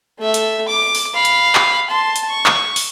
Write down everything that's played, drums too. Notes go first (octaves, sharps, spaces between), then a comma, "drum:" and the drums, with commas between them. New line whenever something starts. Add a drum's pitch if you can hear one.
A3 E5
drum: hi-hat
D6
drum: open hi-hat
F5 B5
drum: hi-hat
drum: clap
A5 C6
drum: hi-hat
C#6
drum: clap
drum: open hi-hat